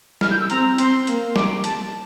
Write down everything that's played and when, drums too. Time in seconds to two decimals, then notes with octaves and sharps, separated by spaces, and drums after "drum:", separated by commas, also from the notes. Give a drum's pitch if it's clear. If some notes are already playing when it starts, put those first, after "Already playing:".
0.21 E4 F6, drum: snare
0.31 G6
0.41 E6
0.50 C4 A#5, drum: hi-hat
0.78 C4 C6, drum: hi-hat
1.07 A#3, drum: hi-hat
1.36 D6, drum: snare
1.64 A5, drum: hi-hat